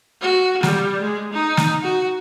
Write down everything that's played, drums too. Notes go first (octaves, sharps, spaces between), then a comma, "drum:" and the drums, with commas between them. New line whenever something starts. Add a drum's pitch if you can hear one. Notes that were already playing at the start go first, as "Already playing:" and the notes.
F#4
G3, drum: snare
G#3
D#4
drum: snare
F#4